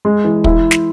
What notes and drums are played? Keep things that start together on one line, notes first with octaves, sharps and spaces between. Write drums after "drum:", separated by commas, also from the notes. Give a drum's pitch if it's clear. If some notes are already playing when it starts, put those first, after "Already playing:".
G#3
E3
E4, drum: kick
drum: snare